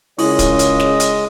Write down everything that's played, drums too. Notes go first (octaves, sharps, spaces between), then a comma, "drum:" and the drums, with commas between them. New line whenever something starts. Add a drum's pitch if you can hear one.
C#3 G#3 E4 F4 A#4 C#5 D#5, drum: open hi-hat
drum: kick, hi-hat
drum: hi-hat
drum: snare
drum: hi-hat